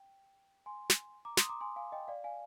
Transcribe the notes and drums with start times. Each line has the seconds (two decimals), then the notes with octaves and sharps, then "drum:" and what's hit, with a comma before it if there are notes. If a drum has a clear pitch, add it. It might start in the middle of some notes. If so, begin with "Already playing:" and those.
Already playing: G5
0.66 G#5 C6
0.90 drum: snare
1.25 A#5 D6
1.37 C6 D#6, drum: snare
1.49 A#5 D6
1.61 G#5 C6
1.76 F5 G#5
1.92 D#5 G5
2.08 D5 F5
2.24 F5 G#5